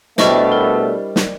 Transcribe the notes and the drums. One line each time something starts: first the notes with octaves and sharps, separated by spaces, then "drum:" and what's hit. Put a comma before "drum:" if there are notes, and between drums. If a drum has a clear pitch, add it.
B2 G3 A3 D4 E4 C5 D#5 C#6, drum: snare
A#4
drum: snare